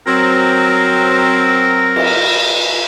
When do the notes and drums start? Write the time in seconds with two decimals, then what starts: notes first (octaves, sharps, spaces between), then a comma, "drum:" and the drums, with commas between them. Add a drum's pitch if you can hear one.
0.07 F#3 C4 A#4
1.96 drum: cymbal